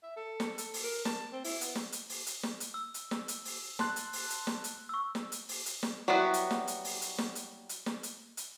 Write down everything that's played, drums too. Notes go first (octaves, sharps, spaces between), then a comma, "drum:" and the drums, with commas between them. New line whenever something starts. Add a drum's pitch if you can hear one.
E5
A4
drum: snare
A4, drum: hi-hat
drum: open hi-hat
A#4
A5, drum: snare
C4
E4, drum: open hi-hat
B3, drum: hi-hat
drum: snare
drum: hi-hat
drum: open hi-hat
drum: hi-hat
drum: snare
drum: hi-hat
E6
drum: hi-hat
drum: snare
drum: hi-hat
drum: open hi-hat
A5 C6 F#6, drum: snare
drum: hi-hat
drum: open hi-hat
drum: hi-hat
drum: snare
drum: hi-hat
C#6 E6
drum: snare
drum: hi-hat
drum: open hi-hat
drum: hi-hat
drum: snare
F#3 G3 B3 E4 F#4
drum: hi-hat
drum: snare
drum: hi-hat
drum: open hi-hat
drum: hi-hat
drum: snare
drum: hi-hat
drum: hi-hat
drum: snare
drum: hi-hat
drum: hi-hat